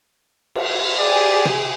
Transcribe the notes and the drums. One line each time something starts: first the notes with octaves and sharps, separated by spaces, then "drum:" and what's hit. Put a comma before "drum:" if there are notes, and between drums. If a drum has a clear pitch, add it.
drum: cymbal
G4 G#4 D5
drum: tom